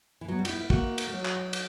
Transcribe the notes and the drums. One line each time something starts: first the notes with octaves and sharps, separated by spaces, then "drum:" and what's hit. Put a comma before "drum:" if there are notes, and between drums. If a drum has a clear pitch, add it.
E3
F#3 B3
G3
F#4, drum: cymbal
E4
E4
A#3 F#4, drum: kick
drum: cymbal
F#3
drum: clap
drum: cymbal